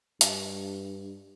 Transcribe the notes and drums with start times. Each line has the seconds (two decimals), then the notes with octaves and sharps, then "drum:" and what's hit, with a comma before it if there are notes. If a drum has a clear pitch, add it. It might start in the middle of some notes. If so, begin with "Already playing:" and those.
0.21 G2, drum: hi-hat